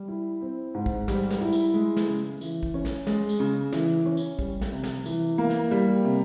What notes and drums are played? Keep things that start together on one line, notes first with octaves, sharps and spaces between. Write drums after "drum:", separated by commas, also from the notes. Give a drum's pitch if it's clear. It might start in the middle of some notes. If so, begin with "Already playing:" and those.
Already playing: G3
E4
C4
G#2
drum: kick
G3, drum: snare
drum: snare
E4
drum: tambourine
G#3
drum: snare
C#3
E3, drum: tambourine
drum: kick
C#4
drum: snare
G#3, drum: snare
drum: tambourine
C#3
E3, drum: snare
C#4
drum: tambourine
G3, drum: kick
drum: snare
C3
drum: snare
E3, drum: tambourine
A#3
drum: snare
G3
C3